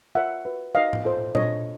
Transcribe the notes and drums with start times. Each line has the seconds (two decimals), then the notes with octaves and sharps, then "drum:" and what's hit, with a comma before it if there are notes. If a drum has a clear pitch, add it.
0.15 F4 A#4 C#5 E5 F#5
0.45 F#4 B4
0.75 D#4 F#4 A#4 C#5 D#5 F5
0.93 drum: tom A2
1.05 F4 A4 C5
1.35 D4 F4 A4 C5 C#5 D#5, drum: tom A#2